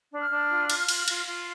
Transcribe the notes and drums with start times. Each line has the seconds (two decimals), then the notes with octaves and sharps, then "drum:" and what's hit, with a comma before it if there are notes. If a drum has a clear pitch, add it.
0.12 D4
0.21 F6
0.30 D4
0.49 F4
0.70 F4, drum: cymbal
0.88 F4, drum: cymbal
1.08 F4, drum: cymbal
1.27 F4